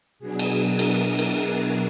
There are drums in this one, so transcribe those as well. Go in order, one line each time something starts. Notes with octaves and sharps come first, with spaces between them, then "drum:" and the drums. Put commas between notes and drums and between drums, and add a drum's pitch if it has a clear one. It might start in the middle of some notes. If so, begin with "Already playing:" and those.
B2 F#3 B3 D4 G#4
drum: cymbal
A#4
drum: cymbal
drum: cymbal